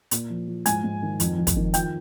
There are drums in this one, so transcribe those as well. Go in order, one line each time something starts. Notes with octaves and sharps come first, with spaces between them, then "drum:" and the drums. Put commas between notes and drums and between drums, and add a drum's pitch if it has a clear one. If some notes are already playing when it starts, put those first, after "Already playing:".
A#2, drum: hi-hat
F3
F3
G#2 G#5 G#6, drum: hi-hat
G#2
D#3
F2, drum: hi-hat
F2
drum: kick, hi-hat
D#3
F3 G5 G6, drum: hi-hat